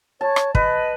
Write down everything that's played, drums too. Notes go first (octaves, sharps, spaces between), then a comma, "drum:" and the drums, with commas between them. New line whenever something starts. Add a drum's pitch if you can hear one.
C#5 A5
drum: rim click
B4 D#5, drum: kick